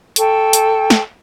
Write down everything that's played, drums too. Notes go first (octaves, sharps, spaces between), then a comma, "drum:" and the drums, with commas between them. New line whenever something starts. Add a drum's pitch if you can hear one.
A4 G5 C#6, drum: hi-hat
drum: hi-hat
drum: snare